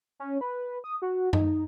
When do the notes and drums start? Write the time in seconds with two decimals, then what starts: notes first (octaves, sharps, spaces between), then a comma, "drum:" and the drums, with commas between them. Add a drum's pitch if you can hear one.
0.20 C#4
0.41 B4
0.84 D#6
1.02 F#4
1.33 D#4, drum: tom F#2